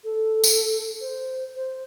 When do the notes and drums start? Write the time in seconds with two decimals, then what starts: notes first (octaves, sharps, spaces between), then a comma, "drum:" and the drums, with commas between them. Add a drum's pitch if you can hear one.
0.04 A4
0.44 drum: tambourine
1.01 C5
1.55 C5